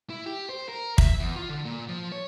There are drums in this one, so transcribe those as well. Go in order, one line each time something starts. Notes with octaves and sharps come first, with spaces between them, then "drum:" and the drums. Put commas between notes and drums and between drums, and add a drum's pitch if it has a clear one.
E4
G4
C5
A#4
E5, drum: kick
E2
F4
D3
A#2
F3
C#5